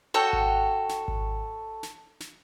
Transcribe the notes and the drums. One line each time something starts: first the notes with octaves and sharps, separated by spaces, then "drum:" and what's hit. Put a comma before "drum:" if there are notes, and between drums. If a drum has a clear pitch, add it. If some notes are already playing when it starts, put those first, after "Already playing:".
F#4 A4 C#5 G5
drum: kick G#1
drum: snare
drum: kick G#1
drum: snare
drum: snare